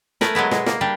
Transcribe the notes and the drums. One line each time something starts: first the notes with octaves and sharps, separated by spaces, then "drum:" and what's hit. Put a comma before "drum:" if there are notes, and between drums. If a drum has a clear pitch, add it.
A3 A#4 B4 G#5, drum: snare
F#3 G#3 B3 E4
B2 G#3, drum: snare
A#3, drum: snare
G3 D4 G4